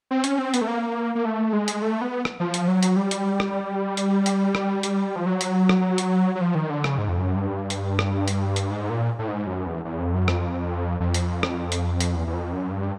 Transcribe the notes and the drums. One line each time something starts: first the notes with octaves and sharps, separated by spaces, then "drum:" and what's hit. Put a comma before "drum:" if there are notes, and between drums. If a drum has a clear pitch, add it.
C4
C#4, drum: hi-hat
C4
B3, drum: hi-hat
A3
A#3
A#3
A3
G#3
drum: hi-hat
A3
B3
drum: rim click
F3
drum: hi-hat
F#3
drum: hi-hat
G3
drum: hi-hat
drum: rim click
drum: hi-hat
drum: hi-hat
drum: rim click
drum: hi-hat
F3
F#3
drum: hi-hat
drum: rim click
drum: hi-hat
F#3
F3
D#3
D3
C#3, drum: rim click
G#2
F2
F#2
G2
drum: hi-hat
drum: rim click
drum: hi-hat
drum: hi-hat
G#2
A#2
A2
G#2
F#2
E2
E2
F2
F#2
F2, drum: rim click
F2
drum: hi-hat
drum: rim click
drum: hi-hat
drum: hi-hat
E2
E2
F2
F#2
G2